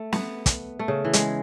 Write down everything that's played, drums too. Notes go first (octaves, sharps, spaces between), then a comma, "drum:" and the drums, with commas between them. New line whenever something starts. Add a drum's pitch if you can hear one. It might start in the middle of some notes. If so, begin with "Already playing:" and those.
Already playing: A3
B3, drum: snare
drum: kick, hi-hat
A3
C#3
E3
G#3, drum: hi-hat